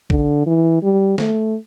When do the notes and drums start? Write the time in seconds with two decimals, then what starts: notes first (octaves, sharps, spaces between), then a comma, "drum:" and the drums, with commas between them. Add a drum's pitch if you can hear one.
0.10 D3, drum: kick
0.46 E3
0.82 G3
1.18 A3, drum: snare